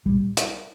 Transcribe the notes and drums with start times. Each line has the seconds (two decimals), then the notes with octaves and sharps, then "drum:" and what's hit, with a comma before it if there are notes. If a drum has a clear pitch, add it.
0.05 C2 A#2 G3
0.37 drum: hi-hat